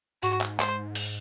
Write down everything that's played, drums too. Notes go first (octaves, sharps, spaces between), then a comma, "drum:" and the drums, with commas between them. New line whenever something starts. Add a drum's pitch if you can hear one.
G#2 F#4, drum: hi-hat
drum: clap
C5, drum: clap
drum: open hi-hat